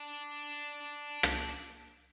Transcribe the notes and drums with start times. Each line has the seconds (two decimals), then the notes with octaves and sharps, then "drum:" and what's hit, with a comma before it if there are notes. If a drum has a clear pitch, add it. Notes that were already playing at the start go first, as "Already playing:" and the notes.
Already playing: D4
1.23 drum: rim click